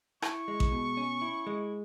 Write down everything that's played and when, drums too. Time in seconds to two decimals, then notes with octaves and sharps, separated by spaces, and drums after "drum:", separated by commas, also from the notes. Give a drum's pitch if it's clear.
0.22 E4 C#6, drum: rim click
0.48 G#3
0.60 drum: kick A1
0.72 B2
0.97 C#4
1.22 E4
1.47 G#3